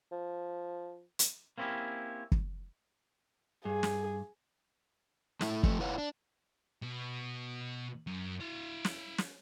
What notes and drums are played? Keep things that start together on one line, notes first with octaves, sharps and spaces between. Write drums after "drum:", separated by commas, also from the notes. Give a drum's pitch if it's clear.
F3
drum: hi-hat
A#3 C4 C#4 E4 G4
drum: kick
G2 G#4
drum: snare
A3 E4, drum: snare
F3 A3, drum: kick
E4 B4 C#5 F5 F#5
D4
B2 F#4
F#2
E4 F5
drum: snare
drum: snare